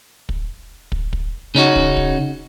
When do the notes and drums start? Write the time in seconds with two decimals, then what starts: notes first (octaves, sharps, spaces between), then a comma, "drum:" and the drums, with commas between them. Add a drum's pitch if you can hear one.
0.29 drum: kick
0.92 drum: kick
1.13 drum: kick
1.55 C#3 C#4 D#4 F#4
1.76 drum: kick
1.97 drum: kick